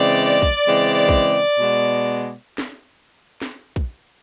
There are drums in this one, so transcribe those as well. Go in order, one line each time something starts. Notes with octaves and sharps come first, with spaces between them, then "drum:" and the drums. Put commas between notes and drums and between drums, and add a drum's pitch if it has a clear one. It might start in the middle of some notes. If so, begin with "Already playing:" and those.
Already playing: C#3 E3 G#3 C4 D5
drum: kick
C#3 E3 G#3 C4
drum: kick
B2 G#3 B3
drum: snare
drum: snare
drum: kick